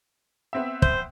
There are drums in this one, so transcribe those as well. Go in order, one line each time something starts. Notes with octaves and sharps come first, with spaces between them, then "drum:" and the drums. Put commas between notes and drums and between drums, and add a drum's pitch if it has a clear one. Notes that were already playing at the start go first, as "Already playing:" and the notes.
B3 C4 E5
C5, drum: kick